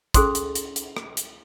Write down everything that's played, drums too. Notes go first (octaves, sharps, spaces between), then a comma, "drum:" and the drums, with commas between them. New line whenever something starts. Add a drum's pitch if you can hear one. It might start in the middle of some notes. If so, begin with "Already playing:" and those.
C#4 G#4 A4 C5 C6, drum: kick, hi-hat
drum: hi-hat
drum: hi-hat
drum: hi-hat
drum: rim click
drum: hi-hat